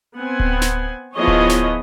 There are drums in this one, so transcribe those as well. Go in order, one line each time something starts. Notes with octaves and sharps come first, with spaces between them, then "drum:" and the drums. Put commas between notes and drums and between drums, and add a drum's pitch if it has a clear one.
B3 C4 F#5 G#5
drum: kick D1
drum: snare
F3 B3 E4 G#4 C#5 D#5
drum: kick D1
drum: snare